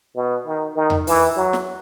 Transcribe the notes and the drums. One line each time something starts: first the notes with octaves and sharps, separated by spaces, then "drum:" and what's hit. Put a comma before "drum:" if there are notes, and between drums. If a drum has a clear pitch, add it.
B2
D#3
D#3
drum: tom E2
E3, drum: open hi-hat
F#3
drum: snare